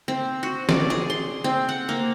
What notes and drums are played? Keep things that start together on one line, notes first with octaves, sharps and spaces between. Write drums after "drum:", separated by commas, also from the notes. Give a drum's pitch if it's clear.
C4
F#4
D5, drum: snare
G#4
C6
C4
F#5
A#3